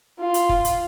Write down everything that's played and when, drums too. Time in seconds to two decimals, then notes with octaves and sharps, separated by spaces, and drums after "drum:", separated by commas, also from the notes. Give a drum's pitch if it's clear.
0.19 F4
0.34 drum: hi-hat
0.49 drum: kick
0.65 drum: hi-hat